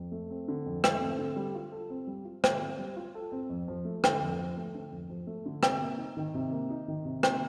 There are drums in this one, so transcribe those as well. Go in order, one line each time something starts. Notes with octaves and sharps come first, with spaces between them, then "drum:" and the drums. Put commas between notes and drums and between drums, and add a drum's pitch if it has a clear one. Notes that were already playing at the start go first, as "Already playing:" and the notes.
Already playing: F2
A3
C4
D3
F2
A3, drum: rim click
C4
D3
G3
F4
A4
C4
G3
F4
A4, drum: rim click
C4
G3
F4
A4
C4
F2
F3
A3
D3, drum: rim click
F2
F3
A3
D3
F2
F3
A3
D3
C3, drum: rim click
A#3
D#4
D#3
C3
A#3
D#4
D#3
C3
A#3, drum: rim click